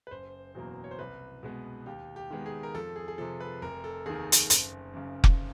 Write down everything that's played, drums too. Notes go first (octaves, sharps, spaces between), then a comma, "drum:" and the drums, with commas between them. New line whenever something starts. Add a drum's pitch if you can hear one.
B4
F#1 C5
E2 B2 F#3 A#3
C#5
C5
C2 B4
B2 G#3 B3
D#2 G4
G4
D#3 G#3 B3
G#4
A#4
F2 A4
G#4
G#4
C3 F3 A4
B4
F1 A#4
A4
D#2 D#3 G#4
drum: hi-hat
F#1, drum: hi-hat
F#2 C#3
drum: kick F1